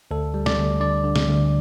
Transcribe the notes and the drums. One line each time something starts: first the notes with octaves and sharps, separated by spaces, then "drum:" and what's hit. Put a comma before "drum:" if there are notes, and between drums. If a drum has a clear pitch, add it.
D2 A4
G3
D5, drum: snare
D2
D3 D5
D3
drum: snare
D2